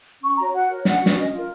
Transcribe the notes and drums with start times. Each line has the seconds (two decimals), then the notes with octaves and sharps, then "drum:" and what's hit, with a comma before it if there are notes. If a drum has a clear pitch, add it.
0.22 C#4 C#6
0.37 F#4 C#5 A#5
0.53 F#4 F#5
0.70 A#4 C#5
0.85 C#4 F#5, drum: snare
1.01 F#4
1.06 B4, drum: snare
1.17 C#4 D#5
1.32 F4 A#4